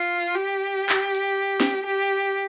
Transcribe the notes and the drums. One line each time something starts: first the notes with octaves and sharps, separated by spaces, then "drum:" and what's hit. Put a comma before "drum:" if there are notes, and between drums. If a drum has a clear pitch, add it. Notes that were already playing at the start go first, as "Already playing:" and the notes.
Already playing: F4
G4
drum: clap
drum: hi-hat
drum: snare
G4